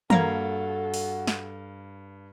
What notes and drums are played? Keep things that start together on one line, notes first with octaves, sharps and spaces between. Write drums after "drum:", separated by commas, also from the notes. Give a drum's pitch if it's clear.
G2 A#3 F#4 A4 F5 A#5 G#6, drum: tom
drum: open hi-hat
drum: snare